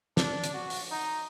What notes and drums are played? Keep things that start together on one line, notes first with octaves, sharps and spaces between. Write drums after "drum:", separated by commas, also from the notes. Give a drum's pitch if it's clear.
D4, drum: snare
drum: hi-hat
F#4
drum: open hi-hat
D#4